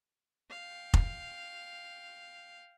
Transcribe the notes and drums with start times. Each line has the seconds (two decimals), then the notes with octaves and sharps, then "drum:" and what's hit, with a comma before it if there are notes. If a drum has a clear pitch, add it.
0.50 F5 G5
0.94 drum: kick F1